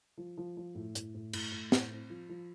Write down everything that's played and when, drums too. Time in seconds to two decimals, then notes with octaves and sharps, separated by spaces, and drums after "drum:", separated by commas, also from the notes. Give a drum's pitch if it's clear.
0.18 F3
0.38 F3
0.57 F3
0.75 A2
0.95 A2, drum: hi-hat
1.15 A2
1.33 A2, drum: cymbal
1.52 A2
1.72 A2, drum: snare
1.91 C4
2.10 F3
2.29 F3